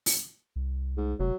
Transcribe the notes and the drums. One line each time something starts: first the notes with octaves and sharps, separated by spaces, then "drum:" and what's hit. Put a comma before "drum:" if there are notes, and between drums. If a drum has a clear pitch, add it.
drum: open hi-hat
C2
G#2
F1 F#3